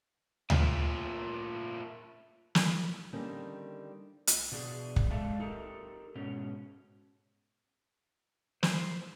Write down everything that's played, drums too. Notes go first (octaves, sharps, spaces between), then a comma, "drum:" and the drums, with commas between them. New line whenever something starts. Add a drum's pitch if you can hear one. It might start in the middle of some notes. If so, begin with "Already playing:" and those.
A#2 A3, drum: tom D2
drum: snare
D3 D#3 G3 A#3 C4 C#4
drum: hi-hat
B2 D4 G#4
drum: kick
G#3 A4 D5 E5 F5 A5
D#4 G4 A4 A#4
G#2 B2 C#4
C5, drum: snare